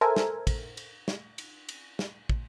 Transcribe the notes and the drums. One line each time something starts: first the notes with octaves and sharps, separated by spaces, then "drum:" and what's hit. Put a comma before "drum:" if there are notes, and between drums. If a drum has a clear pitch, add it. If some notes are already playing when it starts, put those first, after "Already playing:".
A4 A#4 C5 E5 G#5
drum: snare
drum: kick, cymbal
drum: cymbal
drum: snare
drum: cymbal
drum: cymbal
drum: snare
drum: kick